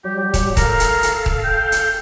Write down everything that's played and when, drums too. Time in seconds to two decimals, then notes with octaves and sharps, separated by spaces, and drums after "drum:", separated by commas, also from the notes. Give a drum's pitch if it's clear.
0.04 F#3 G3 G4
0.34 drum: kick D#1, hi-hat
0.57 A4 A#4 F5, drum: kick D#1, hi-hat
0.80 drum: hi-hat
1.03 drum: hi-hat
1.26 drum: kick D#1
1.44 G5
1.72 drum: hi-hat